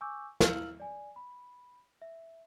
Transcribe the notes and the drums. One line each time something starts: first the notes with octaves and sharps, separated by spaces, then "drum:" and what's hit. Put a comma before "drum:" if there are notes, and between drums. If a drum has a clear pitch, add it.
G#5 C#6 D6 E6 G6
E4 F5 E6 F6 F#7, drum: snare
D5 G#5
B5
E5